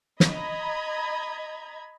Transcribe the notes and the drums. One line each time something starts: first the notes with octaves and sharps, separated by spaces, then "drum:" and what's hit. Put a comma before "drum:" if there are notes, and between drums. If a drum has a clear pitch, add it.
D#5 A#5 B5 G#6, drum: snare